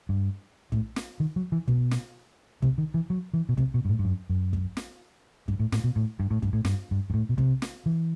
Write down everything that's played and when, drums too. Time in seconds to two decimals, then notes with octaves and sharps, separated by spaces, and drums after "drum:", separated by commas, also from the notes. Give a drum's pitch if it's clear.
0.09 G2
0.72 A2, drum: kick
0.96 drum: snare
1.20 D#3
1.36 F#3
1.52 E3
1.67 B2, drum: kick
1.91 drum: snare
2.62 C3, drum: kick
2.78 D#3
2.94 E3
3.10 F#3
3.33 E3
3.49 B2
3.57 C3, drum: kick
3.74 B2
3.85 G2
3.89 A2
3.99 G2
4.05 F#2
4.29 F#2
4.53 drum: kick
4.77 drum: snare
5.48 G2, drum: kick
5.60 A2
5.72 A2, drum: snare
5.84 B2
5.96 A2
6.20 G2
6.31 A2
6.42 G2, drum: kick
6.53 A2
6.65 G2, drum: snare
6.91 G2
7.10 G2
7.14 A2
7.29 B2
7.38 C3, drum: kick
7.62 drum: snare
7.86 E3